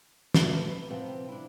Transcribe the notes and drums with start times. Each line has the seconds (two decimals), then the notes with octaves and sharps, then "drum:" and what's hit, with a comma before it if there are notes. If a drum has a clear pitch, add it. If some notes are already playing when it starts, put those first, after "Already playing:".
0.34 D#3 A3 B3, drum: snare
0.68 B4 E5
0.90 C3 F3 B3 C4
1.28 D4 E4